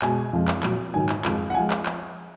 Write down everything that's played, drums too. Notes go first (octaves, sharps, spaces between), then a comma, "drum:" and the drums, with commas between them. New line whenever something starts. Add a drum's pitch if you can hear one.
B2 G#3 G#5, drum: clap
F2 F3 G#3
drum: clap
A#2 F#3, drum: clap
G#2 D#3 F#3 G#5
drum: clap
F2 F3 G#3, drum: clap
F#5
F3 G#3 G#5
drum: clap
drum: clap